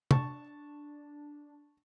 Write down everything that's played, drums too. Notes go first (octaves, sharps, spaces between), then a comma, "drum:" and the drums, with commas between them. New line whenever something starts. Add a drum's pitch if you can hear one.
D4 A5 C#6, drum: tom